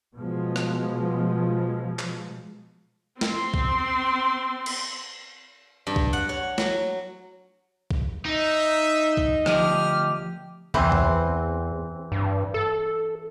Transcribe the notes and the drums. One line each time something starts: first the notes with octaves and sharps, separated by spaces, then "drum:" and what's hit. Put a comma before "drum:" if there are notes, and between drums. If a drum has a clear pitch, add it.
B2 F3 G#3
drum: rim click
drum: clap
C4 C6, drum: snare
drum: kick
drum: cymbal
G2
drum: kick
F#5
C#5
F#3, drum: snare
drum: kick
D#4 E5
drum: kick
D2 F3 G4 D#5 F6, drum: rim click
E2 E3 C4, drum: kick
drum: kick
G2
A4